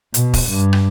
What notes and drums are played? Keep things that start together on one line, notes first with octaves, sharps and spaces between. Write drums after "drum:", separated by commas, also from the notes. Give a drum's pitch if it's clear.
B2, drum: hi-hat
drum: kick, open hi-hat
G2
drum: rim click